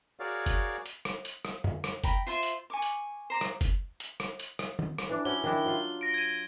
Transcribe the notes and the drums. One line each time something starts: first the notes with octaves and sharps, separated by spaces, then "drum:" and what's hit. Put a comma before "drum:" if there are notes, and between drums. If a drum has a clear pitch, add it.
F#4 G#4 A#4 C#5 D5 F5
drum: kick F#1, hi-hat
drum: hi-hat
drum: rim click
drum: hi-hat
drum: rim click
drum: tom F#2
drum: rim click
G5 A#5 B5, drum: kick F#1, hi-hat
F4 C5 E5 C6
drum: hi-hat
G#5 C#6 D6
drum: hi-hat
C5 A#5 D6
drum: rim click
drum: kick F#1, hi-hat
drum: hi-hat
drum: rim click
drum: hi-hat
drum: rim click
drum: tom D#3
drum: rim click
E3 D4
F#3 C#4 E4 G7
D#3 D4 E4
F#3 F4
A#6 D7
G#6 D#7